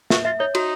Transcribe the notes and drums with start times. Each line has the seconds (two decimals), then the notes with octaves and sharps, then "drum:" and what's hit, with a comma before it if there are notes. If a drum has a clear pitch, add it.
0.10 F#4 E5, drum: snare
0.25 F4 E5
0.40 D#4 C#5
0.55 D#4 F#4, drum: cymbal